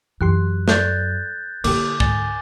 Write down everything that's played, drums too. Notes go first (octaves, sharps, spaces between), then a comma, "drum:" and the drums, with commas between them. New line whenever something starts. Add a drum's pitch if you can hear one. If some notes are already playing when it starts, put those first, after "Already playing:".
F#2 E3 G4 C6 F#6
A4 D5 F#6 G6 A6, drum: snare
D3 A#3 E4 G4 D6, drum: cymbal
G#2 G#5 A6 G7, drum: kick